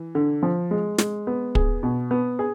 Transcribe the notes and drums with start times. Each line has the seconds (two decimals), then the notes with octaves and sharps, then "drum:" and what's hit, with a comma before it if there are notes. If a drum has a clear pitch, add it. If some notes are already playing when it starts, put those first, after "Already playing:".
Already playing: E3
0.15 D3
0.43 F3
0.71 G#3
0.98 G#3, drum: snare
1.27 B3
1.55 G#4, drum: kick
1.83 B2
2.11 B3
2.39 G#4